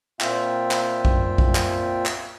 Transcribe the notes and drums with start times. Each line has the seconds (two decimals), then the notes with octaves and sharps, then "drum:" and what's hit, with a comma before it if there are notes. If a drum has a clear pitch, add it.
0.21 A#2 A#3 C4 F4 E5 G5, drum: clap
0.71 drum: clap
1.05 drum: kick A#1
1.38 drum: kick A#1
1.55 drum: clap
2.06 drum: clap